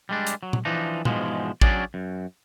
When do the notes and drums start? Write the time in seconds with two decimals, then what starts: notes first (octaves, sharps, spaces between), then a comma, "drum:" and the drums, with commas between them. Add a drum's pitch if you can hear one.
0.09 G3 G#3 D4
0.27 drum: hi-hat
0.43 F#3
0.53 drum: tom A#2
0.65 E3 F3 D4 D#4
1.05 E2 G#2 B2 F3 G#3, drum: tom A#2
1.61 F#3 C#4 D4 G#4 D5, drum: kick A1
1.94 F#2